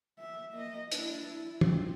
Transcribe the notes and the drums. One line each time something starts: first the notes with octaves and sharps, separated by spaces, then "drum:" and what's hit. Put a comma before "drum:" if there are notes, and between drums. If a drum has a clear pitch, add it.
E5
A#3 D#5
D4 E4, drum: hi-hat
E4
C4 F4, drum: tom